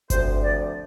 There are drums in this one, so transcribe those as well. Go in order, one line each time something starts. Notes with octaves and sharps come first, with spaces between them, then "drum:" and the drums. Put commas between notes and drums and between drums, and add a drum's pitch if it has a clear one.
D2 C3 F3 C5, drum: kick G1, hi-hat
D5